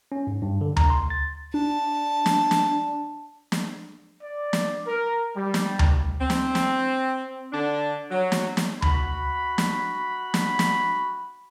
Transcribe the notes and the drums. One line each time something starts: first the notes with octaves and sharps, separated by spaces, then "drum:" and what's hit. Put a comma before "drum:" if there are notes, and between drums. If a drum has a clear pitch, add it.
C#4
G#2
G2
D3
A#5, drum: tom D2
C6
A6
D4 A5
drum: snare
drum: snare
drum: snare
D5
drum: snare
A#4
G3
drum: snare
drum: tom D2
C4
drum: snare
drum: snare
D3 D4
F#3
drum: snare
drum: snare
F#4 B5, drum: tom D2
drum: snare
drum: snare
drum: snare